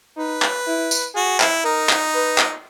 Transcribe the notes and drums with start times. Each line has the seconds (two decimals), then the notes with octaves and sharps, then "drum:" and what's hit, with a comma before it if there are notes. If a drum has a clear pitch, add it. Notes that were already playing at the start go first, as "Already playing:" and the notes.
0.17 D#4 B4
0.42 drum: clap
0.67 E4
0.91 drum: tambourine
1.15 F#4 G#4
1.40 E4, drum: clap
1.65 D#4 A#4
1.89 drum: clap
2.14 B4
2.38 drum: clap